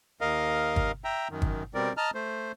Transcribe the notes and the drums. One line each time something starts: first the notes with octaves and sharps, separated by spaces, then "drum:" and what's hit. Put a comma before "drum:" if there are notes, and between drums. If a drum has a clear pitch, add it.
D#2 A#4 D#5 F5
drum: kick
E5 G5 A#5
F#2 D#3
drum: kick
B2 G3 C4 A#4 D5
D#5 A5 A#5 F6
A3 C5